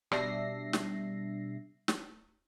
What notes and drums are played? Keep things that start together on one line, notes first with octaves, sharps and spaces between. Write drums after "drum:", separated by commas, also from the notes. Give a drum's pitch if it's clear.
B2 G3 D4 E5 A#6 C7, drum: rim click
drum: snare
drum: snare